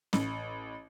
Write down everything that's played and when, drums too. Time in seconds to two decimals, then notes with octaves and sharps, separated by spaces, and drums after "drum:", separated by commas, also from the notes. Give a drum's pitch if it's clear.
0.13 A1, drum: snare